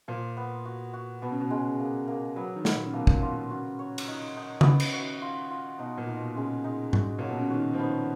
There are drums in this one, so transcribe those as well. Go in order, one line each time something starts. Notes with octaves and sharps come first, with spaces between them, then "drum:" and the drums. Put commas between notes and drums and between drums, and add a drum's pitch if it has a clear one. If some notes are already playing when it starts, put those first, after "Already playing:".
A#2 F3
B3
F#4
F#4
B2 B3
C#3
B2
C#3 G#3
A#3
A#3
F#3 B3
D#3
B3, drum: snare
A#2
C#3
B2 A#3
A#2, drum: kick
B2 F4
B2
C#3 F#4
C#5
drum: cymbal
D#4
D#4
D#3, drum: tom C#3
C#3 B3
drum: cymbal
F#4
F4
F4
B2 D#4
A#2
D#4
B2
C#3 G#3
D#4
F#4, drum: tom G#2
A#2 F#3
B2
C#3
D#3 F#4
F3
D#3 B3